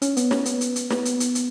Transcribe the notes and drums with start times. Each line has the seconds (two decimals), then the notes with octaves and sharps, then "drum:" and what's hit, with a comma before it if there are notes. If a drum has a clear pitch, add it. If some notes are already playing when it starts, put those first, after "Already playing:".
0.02 C#4, drum: hi-hat
0.17 B3, drum: hi-hat
0.31 C#4, drum: snare
0.45 B3, drum: hi-hat
0.61 drum: hi-hat
0.76 drum: hi-hat
0.90 B3, drum: snare
1.05 drum: hi-hat
1.20 drum: hi-hat
1.35 drum: hi-hat